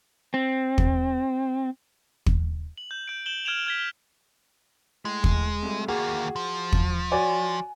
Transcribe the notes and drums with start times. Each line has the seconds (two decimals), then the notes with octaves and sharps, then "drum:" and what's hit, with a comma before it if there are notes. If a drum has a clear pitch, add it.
0.34 C4
0.78 drum: kick
2.26 drum: kick
2.78 F#7
2.91 G6
3.08 G6 D7
3.26 G6 E7 F#7 G7
3.45 F6 G#6 D7 E7 F7
3.66 F6 G#6 B6
5.05 A2 G#3
5.24 drum: kick
5.63 C3 G3 A3
5.88 D#2 A#3 F#4 G#4
6.36 F3
6.72 drum: kick
7.12 F#4 C#5 D5 G#5